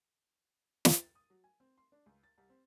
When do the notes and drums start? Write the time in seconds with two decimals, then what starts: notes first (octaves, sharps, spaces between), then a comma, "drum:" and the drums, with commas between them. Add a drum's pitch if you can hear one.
0.85 drum: snare
1.01 A6
1.15 D#6
1.30 F#3
1.44 G#5
1.60 C4
1.78 C6
1.92 D4
2.06 C#2
2.23 A6
2.38 C2
2.50 C4